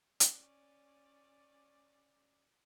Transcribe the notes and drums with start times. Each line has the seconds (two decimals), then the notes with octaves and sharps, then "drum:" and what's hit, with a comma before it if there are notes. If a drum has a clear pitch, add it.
0.20 C#4 D5, drum: hi-hat